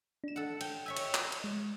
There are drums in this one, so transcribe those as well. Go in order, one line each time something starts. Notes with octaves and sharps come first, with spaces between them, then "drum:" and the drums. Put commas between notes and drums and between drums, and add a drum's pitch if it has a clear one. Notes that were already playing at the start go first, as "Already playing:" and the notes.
D4 E7
A4 F#5
G5, drum: cymbal
C#5 E5 G#5 E6
drum: cymbal
drum: clap
drum: cymbal
G#3